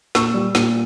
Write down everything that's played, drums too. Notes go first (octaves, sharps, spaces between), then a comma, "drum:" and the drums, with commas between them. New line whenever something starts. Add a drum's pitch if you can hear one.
A#2 C#6 E6, drum: snare
G3
A#2, drum: snare